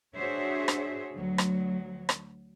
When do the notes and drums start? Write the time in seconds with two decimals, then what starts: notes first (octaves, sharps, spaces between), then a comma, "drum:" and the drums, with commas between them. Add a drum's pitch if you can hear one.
0.15 D4 F#4 G#4 C5 C#5 E5
0.68 drum: rim click
1.12 D2 F#3
1.38 drum: rim click
2.09 drum: rim click